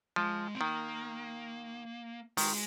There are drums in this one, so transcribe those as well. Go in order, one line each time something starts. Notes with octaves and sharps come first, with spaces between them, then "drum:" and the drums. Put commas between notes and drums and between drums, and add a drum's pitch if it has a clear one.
F3 G#3
C4
D#3 A#3
D#3 G#3, drum: open hi-hat